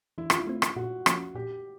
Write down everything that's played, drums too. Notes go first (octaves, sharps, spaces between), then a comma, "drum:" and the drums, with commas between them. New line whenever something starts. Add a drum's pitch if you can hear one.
E3 E4
F4, drum: rim click
E4
A3 C4
drum: rim click
A#2 F#4
F3 A#3 C#4 F4, drum: rim click
A#2 G4